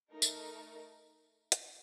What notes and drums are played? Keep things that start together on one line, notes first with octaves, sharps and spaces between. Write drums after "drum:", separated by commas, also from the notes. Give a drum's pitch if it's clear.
A3 D#4 A#4
drum: tambourine
drum: hi-hat